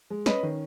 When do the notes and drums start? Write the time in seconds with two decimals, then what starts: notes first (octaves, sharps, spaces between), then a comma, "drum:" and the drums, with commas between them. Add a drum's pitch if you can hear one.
0.10 G#3
0.26 C#4 B4 D#5, drum: snare
0.43 D#3